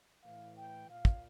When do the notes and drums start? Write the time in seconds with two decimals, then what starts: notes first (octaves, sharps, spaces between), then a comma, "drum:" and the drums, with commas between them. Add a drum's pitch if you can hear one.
0.23 A2 E3 F5
0.57 G5
0.89 A#2 F5
1.05 drum: kick